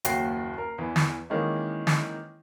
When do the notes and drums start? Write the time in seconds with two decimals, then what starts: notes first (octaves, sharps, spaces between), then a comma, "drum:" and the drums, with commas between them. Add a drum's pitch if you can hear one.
0.05 F#1 D#2 F#4 G5 C7, drum: hi-hat
0.58 A#4
0.78 E2 E3
0.96 drum: snare
1.30 D#3 E3 G#3 A#3 C#4 D#4
1.87 drum: snare